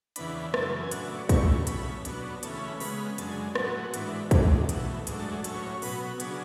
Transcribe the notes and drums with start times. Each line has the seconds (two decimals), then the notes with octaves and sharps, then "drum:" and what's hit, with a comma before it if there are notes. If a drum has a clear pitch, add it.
0.16 E2 C#3 E3 B3 D4 B5, drum: hi-hat
0.54 F#2 C#3 E3 A5, drum: rim click
0.83 G#5
0.91 A2 F#3 B3 D4 F#5, drum: hi-hat
1.04 E5
1.17 C#6
1.29 F#2 C#3 E3 A3 C#6, drum: kick, hi-hat
1.67 B2 A3 C#4 B5, drum: hi-hat
2.05 B2 F#3 B3 D4, drum: hi-hat
2.43 C#3 E3 A3 C#4 A5, drum: hi-hat
2.55 B5
2.68 B5
2.80 C#3 G#3 B3 B5, drum: open hi-hat
3.18 F#2 D3 G#3 A5, drum: hi-hat
3.31 G#5
3.55 A2 F#3 B3, drum: rim click
3.66 F#4
3.75 G#4
3.84 F#4
3.94 G#2 E3 B3 D4, drum: hi-hat
4.31 A2 G#3 D4, drum: kick, hi-hat
4.69 E2 B2 A3 F#4, drum: hi-hat
5.07 G#2 F#3 A3 D4 G#4, drum: hi-hat
5.19 A4
5.32 G#4
5.44 A2 F#3 C#4 A4, drum: hi-hat
5.54 B4
5.63 C#5
5.82 B2 F#3 B3 B4, drum: open hi-hat
6.20 C#3 F#3 B3 D4 G#4, drum: hi-hat